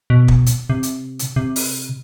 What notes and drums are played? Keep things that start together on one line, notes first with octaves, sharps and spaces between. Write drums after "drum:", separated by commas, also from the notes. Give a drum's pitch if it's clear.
B2
drum: kick
drum: hi-hat
C3
drum: hi-hat
drum: hi-hat
C3
drum: open hi-hat